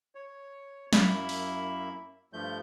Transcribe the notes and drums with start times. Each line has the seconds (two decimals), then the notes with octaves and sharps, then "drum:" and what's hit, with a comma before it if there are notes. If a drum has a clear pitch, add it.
0.15 C#5
0.93 F#2 A#3 E4 E5 B5, drum: snare
1.29 drum: open hi-hat
2.33 G2 F3 A3 G6